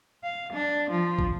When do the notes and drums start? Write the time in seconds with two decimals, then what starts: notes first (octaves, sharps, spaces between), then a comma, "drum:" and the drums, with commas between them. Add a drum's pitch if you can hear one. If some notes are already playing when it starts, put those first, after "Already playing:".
0.23 F5
0.54 D4
0.91 F3
1.19 drum: kick